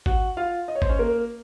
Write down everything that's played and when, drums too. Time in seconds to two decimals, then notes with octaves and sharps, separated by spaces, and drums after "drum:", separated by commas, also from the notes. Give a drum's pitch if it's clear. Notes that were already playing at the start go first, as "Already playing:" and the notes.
0.06 F#4 F#5, drum: kick G1
0.37 F4 F5
0.68 D#5
0.75 C#5
0.82 C5, drum: kick G1
0.89 C#4 C#5
0.99 A#3 A#4